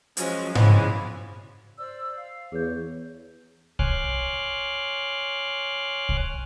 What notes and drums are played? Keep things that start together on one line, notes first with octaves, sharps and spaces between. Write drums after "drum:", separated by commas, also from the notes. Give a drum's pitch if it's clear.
F3 F#3 G#3 C#4, drum: hi-hat
C#3 E3 F3 G#3 B3, drum: tom G#2
C5 D5 E6
F5
E2 G#4 B4 C#5 G6
C#5 G#5 C6 D6 F6 F#6, drum: kick
drum: kick